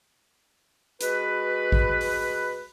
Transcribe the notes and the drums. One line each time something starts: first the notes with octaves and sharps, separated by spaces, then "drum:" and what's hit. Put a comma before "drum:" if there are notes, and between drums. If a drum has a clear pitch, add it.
G#3 F#4 B4, drum: hi-hat
drum: kick A1
drum: open hi-hat